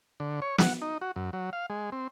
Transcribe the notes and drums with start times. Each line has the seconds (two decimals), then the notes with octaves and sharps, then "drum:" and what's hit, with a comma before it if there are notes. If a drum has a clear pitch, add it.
0.20 D3
0.42 C#5
0.58 F#5, drum: snare
0.82 D#4
1.01 F#4
1.16 F#2
1.33 F#3
1.53 F5
1.70 G#3
1.92 C4